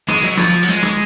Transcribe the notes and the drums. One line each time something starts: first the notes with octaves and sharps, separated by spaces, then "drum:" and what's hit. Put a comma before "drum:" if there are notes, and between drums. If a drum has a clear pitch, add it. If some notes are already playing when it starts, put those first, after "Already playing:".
G#3, drum: rim click
F#3, drum: hi-hat
F3, drum: rim click
F#3
G#3, drum: hi-hat
drum: rim click